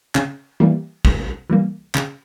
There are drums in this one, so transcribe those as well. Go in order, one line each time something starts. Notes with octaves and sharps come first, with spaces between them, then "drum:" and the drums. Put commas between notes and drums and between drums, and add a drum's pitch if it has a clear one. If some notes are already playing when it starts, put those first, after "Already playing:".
C#3, drum: clap
E3 G3 A#3
C#3, drum: kick
E3 G3 A#3
C#3, drum: clap